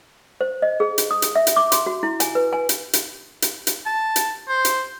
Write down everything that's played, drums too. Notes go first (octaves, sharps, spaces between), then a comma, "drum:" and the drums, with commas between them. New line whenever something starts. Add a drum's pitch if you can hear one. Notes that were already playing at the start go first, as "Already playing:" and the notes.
C5
D#5
G#4
drum: hi-hat
D#6
drum: hi-hat
E5
drum: hi-hat
D6
C6, drum: hi-hat
F#4
E4
G#5, drum: hi-hat
B4
G#5
drum: hi-hat
drum: hi-hat
drum: hi-hat
drum: hi-hat
A5
drum: hi-hat
C5
drum: hi-hat